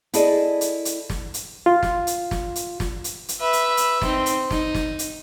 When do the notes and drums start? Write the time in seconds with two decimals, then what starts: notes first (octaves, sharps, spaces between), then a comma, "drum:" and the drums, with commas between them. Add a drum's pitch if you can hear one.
0.13 E4 G#4 A4 D5 D#5, drum: hi-hat
0.61 drum: hi-hat
0.85 drum: hi-hat
1.10 drum: snare
1.34 drum: hi-hat
1.66 F4
1.83 drum: snare
2.07 drum: hi-hat
2.31 drum: snare
2.56 drum: hi-hat
2.80 drum: snare
3.04 drum: hi-hat
3.29 drum: hi-hat
3.40 B4 E5
3.53 drum: hi-hat
3.77 drum: hi-hat
4.02 C4 D#4, drum: snare
4.26 drum: hi-hat
4.51 D#4, drum: snare
4.75 drum: snare
4.99 drum: hi-hat